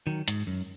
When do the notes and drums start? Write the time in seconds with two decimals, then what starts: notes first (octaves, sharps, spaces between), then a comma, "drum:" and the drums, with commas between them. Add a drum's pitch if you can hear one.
0.07 D#3 F#3
0.28 G#2, drum: hi-hat
0.47 F#2